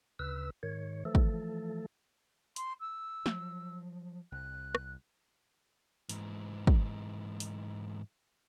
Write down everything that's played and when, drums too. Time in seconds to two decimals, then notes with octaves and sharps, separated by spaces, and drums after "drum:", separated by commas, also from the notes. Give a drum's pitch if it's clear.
0.19 D2 C#3 B4 E6
0.63 G#2 D#3 C#5
1.05 E3 F3 A3 A4
1.15 drum: kick
2.56 C6, drum: hi-hat
2.80 E6
3.26 F3 F#3, drum: snare
4.32 C2 F#6
4.75 drum: rim click
6.09 G#2 E3, drum: hi-hat
6.67 drum: kick
7.40 drum: hi-hat